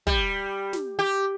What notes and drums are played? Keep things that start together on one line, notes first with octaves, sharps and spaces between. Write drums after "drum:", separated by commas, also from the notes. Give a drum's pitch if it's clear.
G3, drum: kick
drum: snare
G4